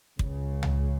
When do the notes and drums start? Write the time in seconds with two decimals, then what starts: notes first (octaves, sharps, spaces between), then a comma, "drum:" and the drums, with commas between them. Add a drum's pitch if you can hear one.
0.19 C#2 C#3, drum: kick
0.63 drum: tom C#2